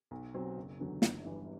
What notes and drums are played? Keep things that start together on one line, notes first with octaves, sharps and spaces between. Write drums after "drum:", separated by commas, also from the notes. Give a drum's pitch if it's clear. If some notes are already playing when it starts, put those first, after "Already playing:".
B1
B2 F#3 C4
F#1
E2 D3 F#3
G1, drum: snare
G2 E3 G3